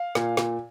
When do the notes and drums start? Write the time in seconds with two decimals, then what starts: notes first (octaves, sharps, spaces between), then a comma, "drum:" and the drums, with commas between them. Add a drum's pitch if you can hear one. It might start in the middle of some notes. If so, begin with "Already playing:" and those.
Already playing: F5
0.15 A#2, drum: snare
0.37 A#2, drum: snare